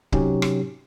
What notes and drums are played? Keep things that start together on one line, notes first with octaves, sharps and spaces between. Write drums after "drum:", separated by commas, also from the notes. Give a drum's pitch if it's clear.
C3 F#3 C#4 D#4 G4, drum: kick C#1
drum: rim click